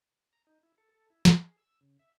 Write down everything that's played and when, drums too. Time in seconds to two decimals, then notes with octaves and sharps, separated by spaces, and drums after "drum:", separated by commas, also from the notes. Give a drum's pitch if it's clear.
0.33 A#5
0.47 D#4
0.63 E4
0.78 A4
0.90 A4
1.10 E4
1.25 D#4, drum: snare
1.43 G#4
1.58 E6
1.81 C#3
1.99 E5